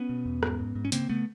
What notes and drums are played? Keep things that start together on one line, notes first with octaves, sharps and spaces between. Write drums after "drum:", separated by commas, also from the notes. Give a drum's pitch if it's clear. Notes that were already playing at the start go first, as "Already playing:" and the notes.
Already playing: B3 C#4
B2
E2
G#2, drum: rim click
G#2
G#2
C#4
C#3 A#3 C4, drum: hi-hat
C#3 A3 B3